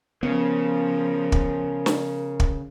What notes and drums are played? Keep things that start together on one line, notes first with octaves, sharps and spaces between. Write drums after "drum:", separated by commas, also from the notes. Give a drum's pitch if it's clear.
C#3 F3 B3 A#4
drum: kick
drum: snare
drum: kick